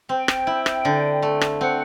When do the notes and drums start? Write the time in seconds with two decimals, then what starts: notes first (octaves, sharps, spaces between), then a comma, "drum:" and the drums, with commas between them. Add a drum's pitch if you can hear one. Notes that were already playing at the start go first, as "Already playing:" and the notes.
0.09 C4 G5
0.28 drum: rim click
0.47 E4
0.66 drum: rim click
0.85 D3
1.22 A3
1.41 drum: rim click
1.61 C4 F#5